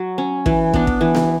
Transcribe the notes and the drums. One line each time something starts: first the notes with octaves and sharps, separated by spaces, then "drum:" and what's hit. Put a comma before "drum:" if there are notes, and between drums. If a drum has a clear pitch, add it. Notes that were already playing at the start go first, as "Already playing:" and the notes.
Already playing: F#3
C#4
E3, drum: kick
B3 D4, drum: kick
drum: kick
E3
drum: snare B3